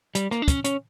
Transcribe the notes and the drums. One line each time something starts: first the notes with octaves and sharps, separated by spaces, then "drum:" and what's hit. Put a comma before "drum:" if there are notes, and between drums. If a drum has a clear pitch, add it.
G3, drum: hi-hat
A#3, drum: rim click
D4
C#4, drum: kick, hi-hat
C#4, drum: hi-hat